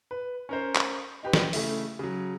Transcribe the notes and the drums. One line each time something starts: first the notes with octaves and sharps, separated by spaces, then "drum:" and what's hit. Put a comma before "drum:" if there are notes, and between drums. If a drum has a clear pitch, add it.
B4
C#4 A#4 C5
drum: clap
D#4 G4 B4
drum: snare
C#3 A3 E4, drum: open hi-hat
C#3 F#3